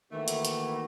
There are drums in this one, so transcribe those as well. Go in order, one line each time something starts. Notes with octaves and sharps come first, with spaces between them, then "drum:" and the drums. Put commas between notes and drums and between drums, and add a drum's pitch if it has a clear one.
D#3 E3 A3 A#3 F#4
drum: hi-hat
drum: hi-hat